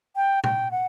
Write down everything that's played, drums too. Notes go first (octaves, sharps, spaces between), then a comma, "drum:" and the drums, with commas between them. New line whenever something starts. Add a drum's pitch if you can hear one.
G5
G5, drum: tom A#2
F#5